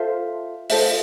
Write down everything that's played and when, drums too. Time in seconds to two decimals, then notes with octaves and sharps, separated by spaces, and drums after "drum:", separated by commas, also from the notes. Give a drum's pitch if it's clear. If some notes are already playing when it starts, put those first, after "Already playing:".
Already playing: F4 A4 C5 E5
0.70 F4 A4 C5 E5, drum: open hi-hat